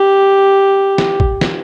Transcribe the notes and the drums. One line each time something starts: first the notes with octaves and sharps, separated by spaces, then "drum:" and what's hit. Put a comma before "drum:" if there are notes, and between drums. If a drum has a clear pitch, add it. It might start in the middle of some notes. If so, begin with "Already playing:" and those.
Already playing: G4
drum: snare
drum: kick
drum: snare